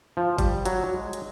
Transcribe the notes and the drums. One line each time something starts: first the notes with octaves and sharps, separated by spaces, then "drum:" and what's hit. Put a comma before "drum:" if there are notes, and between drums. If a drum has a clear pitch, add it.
F3
G3, drum: kick G1, hi-hat
F#3, drum: hi-hat
G#3
drum: hi-hat